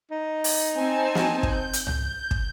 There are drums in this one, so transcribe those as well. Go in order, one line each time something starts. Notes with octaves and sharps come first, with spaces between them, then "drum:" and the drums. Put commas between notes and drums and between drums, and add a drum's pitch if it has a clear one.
D#4
drum: open hi-hat
C4 G#5 A5
drum: snare
drum: kick
G6
drum: hi-hat
drum: tom C2
drum: kick